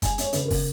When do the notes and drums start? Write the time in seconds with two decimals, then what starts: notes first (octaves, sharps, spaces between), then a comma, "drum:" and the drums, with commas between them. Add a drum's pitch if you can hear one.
0.02 G#3 G#5, drum: kick, hi-hat
0.18 B3 C#5, drum: hi-hat
0.33 C#3 B4, drum: hi-hat
0.45 A#4
0.50 C#3, drum: kick, open hi-hat